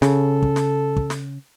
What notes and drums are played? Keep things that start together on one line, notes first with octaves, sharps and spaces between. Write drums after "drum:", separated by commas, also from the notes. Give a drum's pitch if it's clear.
C#3 A4, drum: snare
drum: kick
drum: snare
drum: kick
drum: snare